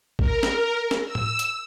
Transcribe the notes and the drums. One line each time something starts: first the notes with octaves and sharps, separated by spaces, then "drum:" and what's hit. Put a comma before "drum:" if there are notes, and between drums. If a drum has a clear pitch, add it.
A#4, drum: kick
drum: snare
drum: snare
E6
drum: tom A2
drum: hi-hat